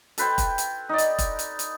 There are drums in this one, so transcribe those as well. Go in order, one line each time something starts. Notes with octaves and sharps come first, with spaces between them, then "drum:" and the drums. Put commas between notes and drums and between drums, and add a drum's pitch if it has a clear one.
A4 B4 C5 G5, drum: hi-hat
drum: kick, hi-hat
drum: hi-hat
D#4 D5
drum: hi-hat
drum: kick, hi-hat
drum: hi-hat
drum: hi-hat